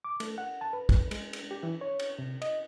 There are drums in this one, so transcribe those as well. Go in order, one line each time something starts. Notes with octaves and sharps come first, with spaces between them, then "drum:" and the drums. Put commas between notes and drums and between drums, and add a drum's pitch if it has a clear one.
D6
A3, drum: cymbal
F#5
A5
B4
drum: kick, cymbal
G#3, drum: cymbal
drum: cymbal
G4
E3
C#5
drum: cymbal
C3
D#5, drum: cymbal